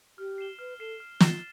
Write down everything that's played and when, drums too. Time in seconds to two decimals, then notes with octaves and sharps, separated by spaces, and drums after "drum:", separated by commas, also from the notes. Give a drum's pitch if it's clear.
0.18 G4 F6
0.38 C7 E7 G7
0.59 B4 F6
0.79 A4 C7 E7 G7
1.00 F6
1.20 F4 A6 C7 E7 G7, drum: snare